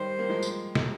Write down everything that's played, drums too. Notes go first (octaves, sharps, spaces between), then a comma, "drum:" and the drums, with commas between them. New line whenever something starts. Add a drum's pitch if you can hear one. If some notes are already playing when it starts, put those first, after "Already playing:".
Already playing: D#3 G3 C5
A#3
F3 G#3
drum: tambourine
drum: snare